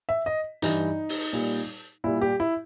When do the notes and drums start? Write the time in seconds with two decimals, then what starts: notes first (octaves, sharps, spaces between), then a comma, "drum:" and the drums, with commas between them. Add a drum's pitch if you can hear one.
0.09 E5
0.26 D#5
0.62 G2 E3 G3 D#4, drum: hi-hat
1.09 drum: open hi-hat
1.33 A#2 G3
2.04 A#2 G3 E4
2.21 G4
2.40 E4